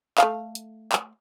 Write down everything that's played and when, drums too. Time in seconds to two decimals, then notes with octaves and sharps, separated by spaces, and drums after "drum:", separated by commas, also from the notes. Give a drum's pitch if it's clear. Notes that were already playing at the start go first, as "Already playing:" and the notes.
0.18 A3 F5, drum: clap
0.55 drum: hi-hat
0.92 drum: clap